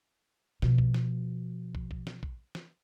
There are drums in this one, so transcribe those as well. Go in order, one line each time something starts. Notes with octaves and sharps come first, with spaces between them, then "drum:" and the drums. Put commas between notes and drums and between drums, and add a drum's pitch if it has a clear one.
B2 F3, drum: snare
drum: kick
drum: snare
drum: kick
drum: kick
drum: snare
drum: kick
drum: snare